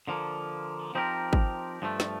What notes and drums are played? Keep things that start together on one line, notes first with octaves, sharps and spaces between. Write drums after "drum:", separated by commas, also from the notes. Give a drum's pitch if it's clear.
D3 F3 A#3
F3 C4 D#4 G4 A#4
drum: kick
G2 F3 A3
drum: snare